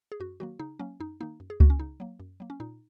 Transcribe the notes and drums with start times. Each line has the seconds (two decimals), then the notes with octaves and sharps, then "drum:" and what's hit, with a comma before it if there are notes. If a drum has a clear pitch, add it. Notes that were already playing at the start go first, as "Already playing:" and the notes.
0.12 G#4
0.20 F#2 F#4
0.40 D#3 F#3 A#3 F#4
0.60 C#3 D#4
0.79 F#3 A#3 C#4
1.00 F#2 D#4
1.20 D#3 A#3 D#4
1.40 F#2
1.50 G#4
1.60 C#3 A#3 F#4, drum: kick C#2
1.70 C#4
1.79 C#3 D#4
2.00 F#3 A#3
2.20 F#2
2.40 F#3 A#3
2.50 C#4
2.60 A#2 D#4